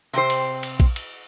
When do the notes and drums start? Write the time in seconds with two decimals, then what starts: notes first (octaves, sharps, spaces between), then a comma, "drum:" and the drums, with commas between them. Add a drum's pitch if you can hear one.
0.13 C3 C4 G4 C5
0.30 drum: cymbal
0.63 drum: cymbal
0.80 drum: kick A#1
0.96 drum: cymbal